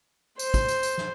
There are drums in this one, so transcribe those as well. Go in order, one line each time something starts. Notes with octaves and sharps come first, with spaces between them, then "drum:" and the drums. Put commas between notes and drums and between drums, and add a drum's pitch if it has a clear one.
C5, drum: tambourine
drum: kick, tambourine
drum: tambourine
drum: tambourine
drum: snare